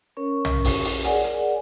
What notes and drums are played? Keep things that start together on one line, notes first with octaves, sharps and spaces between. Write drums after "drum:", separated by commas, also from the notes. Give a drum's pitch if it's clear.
C#4 A#4 C#5 C#6
drum: tom B1
drum: kick A1, open hi-hat
drum: open hi-hat
G#4 A#4 C#5 D5 F#5 G#5, drum: hi-hat
drum: hi-hat